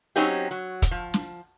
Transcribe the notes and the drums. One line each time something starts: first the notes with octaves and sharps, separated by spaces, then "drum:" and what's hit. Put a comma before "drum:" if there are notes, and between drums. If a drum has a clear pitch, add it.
F#3 C4 C#4 D#4 G4
F#3
drum: kick, hi-hat
F3
drum: snare